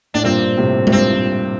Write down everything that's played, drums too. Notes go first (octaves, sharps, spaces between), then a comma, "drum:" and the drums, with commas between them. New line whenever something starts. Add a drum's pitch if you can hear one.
A2 D4
G2 A#2 C4
A2 C3
C3, drum: tom G#3
G2 A#2 C4